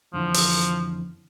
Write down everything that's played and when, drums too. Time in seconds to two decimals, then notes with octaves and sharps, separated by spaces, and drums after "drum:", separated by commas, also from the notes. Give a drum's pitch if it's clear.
0.13 F2 D3 E3 F3
0.34 drum: open hi-hat